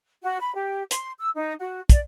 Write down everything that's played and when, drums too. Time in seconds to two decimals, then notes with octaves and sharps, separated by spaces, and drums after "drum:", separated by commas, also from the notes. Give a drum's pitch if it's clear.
0.22 F#4
0.40 B5
0.54 G4
0.91 C6, drum: hi-hat
1.19 E6
1.34 D#4
1.59 F#4
1.89 D5, drum: kick, hi-hat